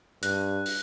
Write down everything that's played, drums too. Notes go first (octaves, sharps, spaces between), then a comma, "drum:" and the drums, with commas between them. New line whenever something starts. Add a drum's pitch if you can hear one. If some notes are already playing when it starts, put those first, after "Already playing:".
G2 F#6, drum: hi-hat
drum: open hi-hat